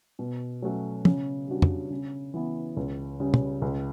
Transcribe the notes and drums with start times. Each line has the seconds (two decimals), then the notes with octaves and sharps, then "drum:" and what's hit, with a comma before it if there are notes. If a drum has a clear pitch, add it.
0.19 B2
0.62 F#3 A3 C#4 F#4
1.05 C#3, drum: tom
1.47 G3 D4 F#4
1.62 drum: tom
1.90 C#3
2.34 E3 B3
2.77 C#2
3.20 C#3 G3
3.34 drum: tom
3.62 C#2